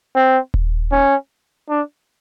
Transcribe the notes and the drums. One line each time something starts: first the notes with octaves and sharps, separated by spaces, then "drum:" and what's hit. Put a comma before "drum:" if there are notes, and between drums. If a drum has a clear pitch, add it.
C4
drum: kick D#1
C#4
D4